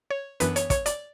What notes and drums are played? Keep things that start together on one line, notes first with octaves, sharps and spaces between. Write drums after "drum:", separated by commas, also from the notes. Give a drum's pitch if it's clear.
C#5
F#2 E3 B3 D4 B4, drum: hi-hat
C#5, drum: hi-hat
C#5, drum: kick, hi-hat
D5, drum: hi-hat